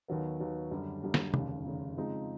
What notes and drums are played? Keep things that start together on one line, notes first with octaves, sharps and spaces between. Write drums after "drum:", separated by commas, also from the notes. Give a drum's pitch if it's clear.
D#2 D#3 F#3 B3
D#2 D#3 F#3 B3
F#2 D3 G3
F#2 D3 G3
drum: snare
F1 D#2 C#3, drum: tom
F1 D#2 C#3
C#3 F3 G#3 C4 D#4